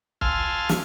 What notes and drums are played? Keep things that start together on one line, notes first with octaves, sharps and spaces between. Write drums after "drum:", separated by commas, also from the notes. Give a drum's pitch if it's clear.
F5 G#5 A5 C6 E6 F6, drum: kick
drum: snare